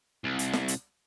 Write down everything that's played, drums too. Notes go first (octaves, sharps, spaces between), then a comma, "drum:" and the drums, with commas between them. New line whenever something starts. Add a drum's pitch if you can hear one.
C2
drum: hi-hat
drum: snare
drum: hi-hat